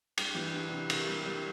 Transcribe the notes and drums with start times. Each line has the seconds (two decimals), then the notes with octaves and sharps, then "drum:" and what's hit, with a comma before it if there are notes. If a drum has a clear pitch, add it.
0.17 G3 G4, drum: cymbal
0.35 E3
0.54 D4
0.72 C3
0.90 C3, drum: cymbal
1.08 G3
1.26 G3